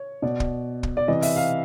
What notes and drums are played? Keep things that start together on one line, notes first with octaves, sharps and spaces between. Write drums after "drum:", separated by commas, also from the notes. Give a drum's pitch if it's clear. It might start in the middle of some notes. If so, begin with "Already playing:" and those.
Already playing: C#5
B2 D5
drum: kick
drum: kick
D5
C3 E3 D#5
E5, drum: open hi-hat
F5